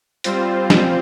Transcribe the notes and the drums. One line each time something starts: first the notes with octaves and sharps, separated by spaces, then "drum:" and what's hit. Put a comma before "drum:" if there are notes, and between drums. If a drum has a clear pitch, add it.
G3 C4 F4 C5, drum: hi-hat
drum: snare